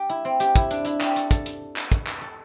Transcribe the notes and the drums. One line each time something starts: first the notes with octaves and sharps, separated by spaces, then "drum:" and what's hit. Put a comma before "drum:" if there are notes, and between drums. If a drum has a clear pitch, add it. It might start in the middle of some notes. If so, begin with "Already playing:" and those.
Already playing: G4
E4
C4
G4, drum: hi-hat
E4, drum: kick, hi-hat
D4, drum: hi-hat
E4, drum: hi-hat
G4, drum: clap
A4, drum: hi-hat
A4, drum: kick, hi-hat
drum: hi-hat
drum: clap
drum: kick, hi-hat
drum: clap
A4